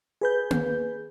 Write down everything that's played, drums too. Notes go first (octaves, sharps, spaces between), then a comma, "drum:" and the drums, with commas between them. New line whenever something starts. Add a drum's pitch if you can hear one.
G#4 B4 G6
drum: tom A#3